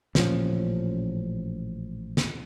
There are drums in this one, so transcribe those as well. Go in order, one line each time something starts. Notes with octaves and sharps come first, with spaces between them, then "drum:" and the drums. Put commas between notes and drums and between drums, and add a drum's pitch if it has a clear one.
A1 A#2 F3 C#4, drum: snare
drum: snare